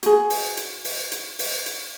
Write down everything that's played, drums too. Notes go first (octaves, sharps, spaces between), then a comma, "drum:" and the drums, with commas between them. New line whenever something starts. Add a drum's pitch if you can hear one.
F#4 G#4, drum: hi-hat
drum: open hi-hat
drum: hi-hat
drum: open hi-hat
drum: hi-hat
drum: open hi-hat
drum: hi-hat